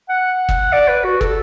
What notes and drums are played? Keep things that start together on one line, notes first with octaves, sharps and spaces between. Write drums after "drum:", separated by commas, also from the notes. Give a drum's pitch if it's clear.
F#5
drum: kick
D5
B4
F#4
A4, drum: kick